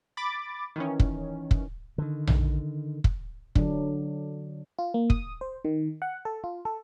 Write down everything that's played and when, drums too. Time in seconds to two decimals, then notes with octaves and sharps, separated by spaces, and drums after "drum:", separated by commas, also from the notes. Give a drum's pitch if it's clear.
0.17 B5 D6 A6
0.76 D#3 E3 C#4
1.00 drum: kick
1.51 drum: kick
1.98 D3 D#3
2.27 drum: tom A#1
3.04 drum: kick
3.55 D3 F#3 D4, drum: kick
4.79 F4
4.94 A#3
5.10 D#6, drum: kick
5.41 C5
5.65 D#3
6.02 F#5
6.25 A4
6.44 F4
6.65 A4